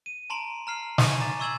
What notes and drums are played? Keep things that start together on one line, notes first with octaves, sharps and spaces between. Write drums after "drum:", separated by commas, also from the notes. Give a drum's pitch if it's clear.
D#7
A5 A#5 C6 D7 F#7
A#5 F6 C7
G#5 C6 C#6 B6 D#7 E7, drum: snare
A#5 D6 A6
C6 C#6 E6 G#6 E7 F#7